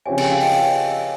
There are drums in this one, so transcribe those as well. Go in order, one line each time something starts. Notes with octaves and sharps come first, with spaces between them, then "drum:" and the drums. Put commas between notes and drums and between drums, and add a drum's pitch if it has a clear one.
C#3 F3 C4 G4 C#5 G#5
G5, drum: cymbal
F5
D#5 G5, drum: open hi-hat